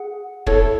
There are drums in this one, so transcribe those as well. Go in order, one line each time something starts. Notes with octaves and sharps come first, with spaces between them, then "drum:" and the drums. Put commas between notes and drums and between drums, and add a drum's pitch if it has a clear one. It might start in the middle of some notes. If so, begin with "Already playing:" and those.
Already playing: G#4 F#5
E4 A4 C#5, drum: kick